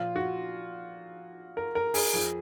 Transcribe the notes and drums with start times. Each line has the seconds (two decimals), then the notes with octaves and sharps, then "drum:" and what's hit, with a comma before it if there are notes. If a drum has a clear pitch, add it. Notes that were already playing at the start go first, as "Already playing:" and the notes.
Already playing: A#2 F3 F4
0.16 F#4
1.57 A#4
1.75 A#4
1.94 G#4, drum: open hi-hat
2.13 F2 F3 G#4